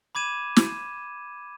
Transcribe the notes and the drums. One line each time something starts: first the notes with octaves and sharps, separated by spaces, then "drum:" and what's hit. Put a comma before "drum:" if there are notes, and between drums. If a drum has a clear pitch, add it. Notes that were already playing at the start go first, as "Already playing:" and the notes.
B5 D6 G#6 D#7 E7
drum: snare